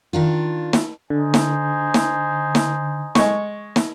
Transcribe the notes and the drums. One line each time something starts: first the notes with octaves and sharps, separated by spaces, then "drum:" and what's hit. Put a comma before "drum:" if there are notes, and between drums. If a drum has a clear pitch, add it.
D#3 D4 F4
drum: snare
D3 D#4 C5 G#5
drum: snare
drum: snare
drum: snare
G#3 C#6, drum: snare
drum: snare